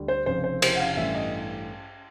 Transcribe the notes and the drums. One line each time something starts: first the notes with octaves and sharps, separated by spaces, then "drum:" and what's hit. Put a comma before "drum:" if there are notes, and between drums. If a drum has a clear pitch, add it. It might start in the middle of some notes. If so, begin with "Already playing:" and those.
Already playing: D2 D3 G3
C5
F1 F2 C#3 C5
C5
C5, drum: cymbal
F#5
F5
F5
A1 G2 E3 A3 E5
D#5